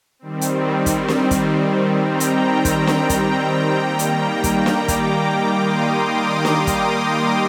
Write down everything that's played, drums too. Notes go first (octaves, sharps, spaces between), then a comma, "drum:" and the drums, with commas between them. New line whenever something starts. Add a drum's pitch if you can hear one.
D#3 G3 C4
drum: hi-hat
drum: kick, hi-hat
drum: snare
drum: kick, hi-hat
G5 A#5
drum: hi-hat
drum: kick, hi-hat
G5 A#5, drum: snare
drum: kick, hi-hat
D#3 G3 A#3 G5 A#5
drum: hi-hat
drum: kick, hi-hat
A#5 D6, drum: snare
drum: kick, hi-hat
C6 D#6
C6 D#6
A#5 D6
drum: snare
drum: kick, hi-hat